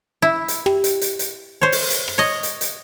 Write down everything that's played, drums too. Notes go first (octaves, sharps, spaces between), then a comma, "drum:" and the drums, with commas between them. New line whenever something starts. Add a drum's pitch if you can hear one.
E4
drum: hi-hat
G4, drum: rim click
drum: hi-hat
drum: hi-hat
drum: hi-hat
C5 C#5
drum: open hi-hat
drum: hi-hat
drum: rim click
C#5 D#5
drum: hi-hat
drum: hi-hat